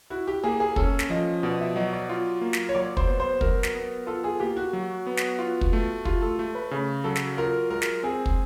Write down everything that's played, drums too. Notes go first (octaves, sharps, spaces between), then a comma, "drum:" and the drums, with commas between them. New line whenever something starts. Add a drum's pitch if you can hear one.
E4 F#4
G4
A#3 G#4
G#4
C#4 A4, drum: kick
drum: snare
F3 D#5
B2 D5
E5
F#3 D#5
D5
F4
A#3
drum: snare
C#5
F#3 D5
C5, drum: kick
B3
C5
F#3 A#4, drum: kick
drum: snare
B3
F4 A4
G#4
A#3 G4
F#4
F#3
B3
drum: snare
F4
drum: kick
A3
F4 G4, drum: kick
A4
A3
B4
C#3
F#3 A4
drum: snare
F4 A#4
G#3 A#4
drum: snare
C4 G#4
drum: kick